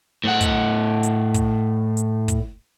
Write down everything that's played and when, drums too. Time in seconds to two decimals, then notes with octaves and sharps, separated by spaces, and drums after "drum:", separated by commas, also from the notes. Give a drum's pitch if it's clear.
0.25 A2 F#5
0.41 drum: kick, hi-hat
1.03 drum: hi-hat
1.34 drum: kick, hi-hat
1.97 drum: hi-hat
2.28 drum: kick, hi-hat